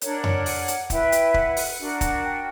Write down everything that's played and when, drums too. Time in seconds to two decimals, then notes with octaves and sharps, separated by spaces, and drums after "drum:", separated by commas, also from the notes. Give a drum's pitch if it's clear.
0.01 D4 A#4 C#5 F#5, drum: hi-hat
0.24 drum: tom F2
0.46 drum: open hi-hat
0.68 drum: hi-hat
0.90 E4 B4 G5, drum: kick, hi-hat
1.12 drum: hi-hat
1.34 F#5, drum: kick
1.57 drum: open hi-hat
1.78 D4 F#4 A#4
2.01 drum: kick, hi-hat
2.24 G5